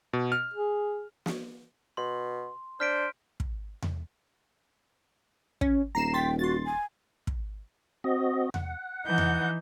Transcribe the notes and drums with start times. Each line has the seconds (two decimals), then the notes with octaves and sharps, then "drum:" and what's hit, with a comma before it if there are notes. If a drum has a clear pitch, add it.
0.13 B2
0.32 F6
0.54 G#4
1.26 drum: snare
1.97 B2 C6
2.80 D4 C5 F6 B6 D7
3.40 drum: kick
3.82 drum: tom E2
5.61 C#4, drum: kick
5.95 D#1 A#5 C7 E7
6.14 G5 C6 A6 B6
6.39 F#4 C6 A6
6.65 G#5
7.27 drum: kick
8.04 C4 F#4 D#5
8.54 F#5, drum: tom E2
9.05 E3 D#4 G6
9.18 drum: tom E2